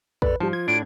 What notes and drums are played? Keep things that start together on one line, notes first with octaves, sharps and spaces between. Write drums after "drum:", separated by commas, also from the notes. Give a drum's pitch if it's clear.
F2 A4 B4 D5, drum: kick
G#2 F3 G3 A5
F4 G#6
A2 D4 D7